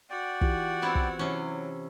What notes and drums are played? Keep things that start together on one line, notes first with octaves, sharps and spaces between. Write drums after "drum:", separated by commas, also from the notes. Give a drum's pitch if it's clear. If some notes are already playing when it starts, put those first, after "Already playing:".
F#4 D5 G5
E3 F4 G4, drum: kick
B3 C4 E4
drum: kick
C3 E3 F#3 C#4